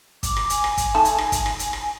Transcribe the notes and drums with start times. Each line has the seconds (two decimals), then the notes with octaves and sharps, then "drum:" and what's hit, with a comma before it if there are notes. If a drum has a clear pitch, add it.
0.23 D6, drum: kick, hi-hat
0.36 drum: rim click
0.50 G#5, drum: hi-hat
0.64 drum: rim click
0.77 drum: kick, hi-hat
0.95 A3 D#4 A5
1.05 drum: hi-hat
1.18 drum: rim click
1.32 drum: kick, hi-hat
1.46 drum: rim click
1.59 drum: hi-hat
1.73 drum: rim click